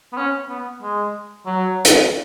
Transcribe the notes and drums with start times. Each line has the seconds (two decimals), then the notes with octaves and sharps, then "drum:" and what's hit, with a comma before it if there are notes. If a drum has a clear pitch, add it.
0.13 B3
0.17 C#4
0.49 B3
0.82 G#3
1.46 F#3
1.85 drum: hi-hat